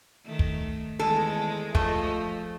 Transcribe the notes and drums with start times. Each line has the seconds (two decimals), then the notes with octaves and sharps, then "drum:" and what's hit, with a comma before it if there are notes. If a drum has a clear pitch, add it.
0.25 D#3 A3
0.39 drum: kick
0.99 E2 D#3 G#3 A4
1.75 F3 A3 D#5, drum: kick